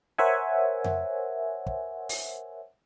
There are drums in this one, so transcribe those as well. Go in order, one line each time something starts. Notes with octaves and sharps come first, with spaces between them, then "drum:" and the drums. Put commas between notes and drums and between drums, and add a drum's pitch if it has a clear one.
A#4 C5 C#5 E5 F#5 G#5
drum: tom F2
drum: kick
drum: open hi-hat